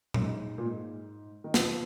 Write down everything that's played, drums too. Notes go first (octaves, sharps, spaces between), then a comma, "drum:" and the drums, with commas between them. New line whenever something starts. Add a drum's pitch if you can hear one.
F#2, drum: tom A#2
G#2
A#2
G#2
D#3
F3, drum: snare